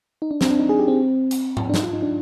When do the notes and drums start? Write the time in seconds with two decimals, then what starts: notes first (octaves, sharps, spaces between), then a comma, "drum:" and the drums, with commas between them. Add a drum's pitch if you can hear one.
0.22 D#4
0.31 D4
0.41 C4, drum: snare
0.50 D4
0.59 D#4
0.69 G#4
0.79 G4
0.88 C4
1.31 drum: hi-hat
1.57 drum: tom G#2
1.69 D4
1.74 D#4, drum: snare
1.83 F4
1.93 D#4
2.02 D4